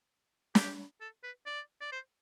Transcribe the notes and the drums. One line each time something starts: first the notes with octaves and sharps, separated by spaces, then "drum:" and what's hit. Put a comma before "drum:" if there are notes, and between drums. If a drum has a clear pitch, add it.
G4, drum: snare
A4
B4
D5
D5
C5